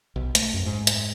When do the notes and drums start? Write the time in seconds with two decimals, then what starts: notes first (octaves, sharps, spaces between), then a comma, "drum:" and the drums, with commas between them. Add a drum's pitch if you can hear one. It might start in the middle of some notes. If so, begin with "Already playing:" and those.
0.16 B1
0.35 A3, drum: hi-hat
0.54 F#2
0.66 G#2
0.87 drum: hi-hat